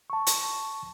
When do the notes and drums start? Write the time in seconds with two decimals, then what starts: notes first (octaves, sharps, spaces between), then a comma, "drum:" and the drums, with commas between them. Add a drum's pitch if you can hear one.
0.10 A5 C#6
0.27 drum: hi-hat